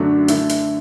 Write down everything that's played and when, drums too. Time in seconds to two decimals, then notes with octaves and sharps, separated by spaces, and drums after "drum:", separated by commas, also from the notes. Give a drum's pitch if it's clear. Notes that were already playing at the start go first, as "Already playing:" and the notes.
Already playing: F#2 D3 A3 D4 F#4
0.28 D3 A3 E4 A4, drum: hi-hat
0.49 drum: hi-hat